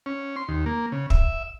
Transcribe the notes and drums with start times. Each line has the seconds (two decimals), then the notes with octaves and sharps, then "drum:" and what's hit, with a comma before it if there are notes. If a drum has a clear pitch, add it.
0.06 C#4
0.36 C6
0.48 D#2
0.66 A#3
0.92 C#3
1.10 E5, drum: kick